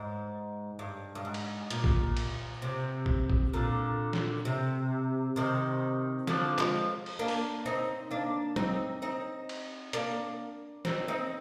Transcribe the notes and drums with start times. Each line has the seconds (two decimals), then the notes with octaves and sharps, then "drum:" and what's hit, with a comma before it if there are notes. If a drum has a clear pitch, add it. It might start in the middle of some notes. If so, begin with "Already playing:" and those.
Already playing: G#2
0.79 G2
1.15 G2
1.25 G#2
1.34 drum: cymbal
1.70 A#2, drum: hi-hat
1.84 drum: kick
2.17 drum: cymbal
2.62 C3
3.06 drum: kick
3.30 drum: kick
3.54 A#2 D3
4.13 drum: snare
4.45 C3
5.36 C3 D#3
6.27 D3 F3, drum: snare
6.58 F3 G#3, drum: clap
7.06 drum: cymbal
7.19 A#3 D4
7.28 drum: open hi-hat
7.66 C4 D#4
8.11 A#3 D4
8.56 C4 D#4, drum: tom
9.02 C4 D#4
9.49 drum: cymbal
9.93 A#3 D4, drum: hi-hat
10.85 C4 D#4, drum: snare
11.08 C4 D#4